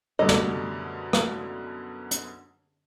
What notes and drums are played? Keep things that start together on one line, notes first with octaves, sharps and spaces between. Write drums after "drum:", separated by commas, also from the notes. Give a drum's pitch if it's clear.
F#2 B2 D3 G3 A3 D#5
drum: snare
drum: rim click
drum: hi-hat